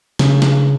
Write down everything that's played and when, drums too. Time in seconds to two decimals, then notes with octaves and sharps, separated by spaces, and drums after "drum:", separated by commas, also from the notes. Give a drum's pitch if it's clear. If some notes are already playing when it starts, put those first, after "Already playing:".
0.19 C#3, drum: snare
0.42 drum: snare